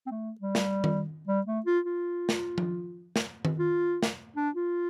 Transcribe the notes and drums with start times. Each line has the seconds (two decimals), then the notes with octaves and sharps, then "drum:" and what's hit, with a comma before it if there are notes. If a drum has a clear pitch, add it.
0.06 C4
0.11 A3
0.40 G3
0.55 drum: snare
0.84 drum: tom D#3
1.27 G3
1.46 A3
1.66 F4
1.85 F4
2.29 drum: snare
2.58 drum: tom F3
3.16 drum: snare
3.45 drum: tom D#3
3.59 F4
4.03 drum: snare
4.36 D4
4.55 F4